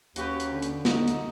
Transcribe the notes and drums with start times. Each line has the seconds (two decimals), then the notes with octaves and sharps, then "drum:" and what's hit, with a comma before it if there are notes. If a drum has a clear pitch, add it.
0.16 D#2 C#4 F#4 G4 B4, drum: hi-hat
0.40 drum: hi-hat
0.52 D3
0.62 drum: hi-hat
0.85 D#4 D#5, drum: snare
1.08 drum: hi-hat